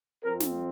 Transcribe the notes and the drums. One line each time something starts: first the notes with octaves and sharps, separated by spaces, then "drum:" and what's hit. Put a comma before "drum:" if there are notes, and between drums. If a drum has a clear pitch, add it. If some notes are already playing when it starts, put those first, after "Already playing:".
F2 F3 C4 A#4
drum: snare